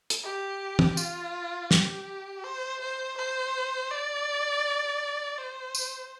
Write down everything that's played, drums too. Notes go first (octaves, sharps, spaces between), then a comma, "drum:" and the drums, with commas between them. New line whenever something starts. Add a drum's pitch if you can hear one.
drum: hi-hat
G4
drum: tom
F4, drum: tambourine
G4, drum: snare
C5
C5
C5
D5
C5
drum: tambourine